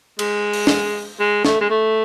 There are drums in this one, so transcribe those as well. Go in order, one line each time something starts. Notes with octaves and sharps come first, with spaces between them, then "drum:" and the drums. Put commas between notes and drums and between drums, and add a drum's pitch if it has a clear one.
G#3, drum: cymbal
drum: open hi-hat
drum: snare
G#3
A3, drum: snare
G#3
A3